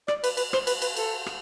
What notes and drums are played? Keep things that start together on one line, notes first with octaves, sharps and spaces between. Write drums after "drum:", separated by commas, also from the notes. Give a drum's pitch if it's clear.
D5, drum: rim click
B4, drum: cymbal
B4, drum: cymbal
C5, drum: rim click
B4, drum: cymbal
B4, drum: cymbal
A4, drum: cymbal
drum: rim click